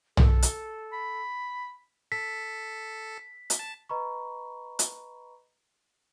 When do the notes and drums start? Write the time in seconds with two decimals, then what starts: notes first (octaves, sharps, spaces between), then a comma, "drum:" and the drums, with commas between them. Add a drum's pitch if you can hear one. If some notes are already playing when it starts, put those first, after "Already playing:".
0.17 A4, drum: tom
0.42 drum: hi-hat
0.93 B5
2.12 A4 B6
3.50 drum: hi-hat
3.59 A5
3.89 B4 D#5 A#5 B5 C#6
4.79 drum: hi-hat